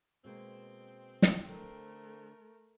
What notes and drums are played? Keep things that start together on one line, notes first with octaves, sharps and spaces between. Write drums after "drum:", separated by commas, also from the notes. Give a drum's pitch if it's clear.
B2 G#3 A#3 C4
drum: snare
D3 A3 A#4